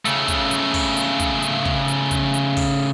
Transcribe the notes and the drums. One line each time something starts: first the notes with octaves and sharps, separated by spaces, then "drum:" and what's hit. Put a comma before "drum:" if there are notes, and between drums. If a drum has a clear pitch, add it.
C#3 A3, drum: hi-hat
drum: kick, hi-hat
drum: hi-hat
drum: kick, open hi-hat
drum: hi-hat
drum: kick, hi-hat
drum: hi-hat
drum: kick
drum: hi-hat
drum: kick, hi-hat
drum: hi-hat
drum: kick, open hi-hat